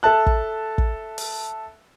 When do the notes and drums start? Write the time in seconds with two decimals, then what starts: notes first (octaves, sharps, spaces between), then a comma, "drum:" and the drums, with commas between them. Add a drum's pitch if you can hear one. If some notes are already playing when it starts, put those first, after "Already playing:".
0.03 A4 E5 A5 F#6
0.26 drum: kick
0.78 drum: kick
1.18 drum: open hi-hat